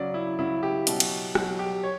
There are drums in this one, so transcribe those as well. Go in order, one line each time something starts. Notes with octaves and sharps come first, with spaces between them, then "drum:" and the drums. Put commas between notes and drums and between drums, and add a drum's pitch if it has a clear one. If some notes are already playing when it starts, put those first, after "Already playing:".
Already playing: C#3 F#3 D5
E4
C#3 F#3 E4
G4
B2 F#3, drum: hi-hat
drum: cymbal
B2 F#3, drum: rim click
G4
C#5